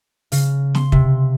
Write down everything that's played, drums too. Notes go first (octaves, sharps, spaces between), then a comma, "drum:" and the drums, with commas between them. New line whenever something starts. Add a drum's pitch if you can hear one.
C#3, drum: open hi-hat
C6, drum: snare
C3, drum: kick